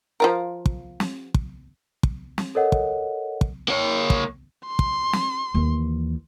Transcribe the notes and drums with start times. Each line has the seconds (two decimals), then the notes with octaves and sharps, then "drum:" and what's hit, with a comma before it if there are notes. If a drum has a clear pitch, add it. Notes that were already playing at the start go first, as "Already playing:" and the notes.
0.20 F3 F4 A#4
0.66 drum: kick
1.00 drum: snare
1.34 drum: kick
2.03 drum: kick
2.38 drum: snare
2.55 A4 A#4 C#5 D#5 F#5
2.72 drum: kick
3.41 drum: kick
3.68 A#3 C#5
4.10 drum: kick
4.67 C6
4.79 drum: kick
5.13 drum: snare
5.54 D#2 E3